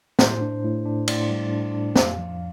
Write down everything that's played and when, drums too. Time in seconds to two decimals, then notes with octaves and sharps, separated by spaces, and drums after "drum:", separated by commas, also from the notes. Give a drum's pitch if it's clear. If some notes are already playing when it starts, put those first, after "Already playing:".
0.19 A2 C5, drum: snare
0.41 D4
0.64 A2
0.85 D4
1.08 A2 D5, drum: cymbal
1.30 G3
1.52 D4
1.73 D4
1.96 F2 F5, drum: snare
2.18 F3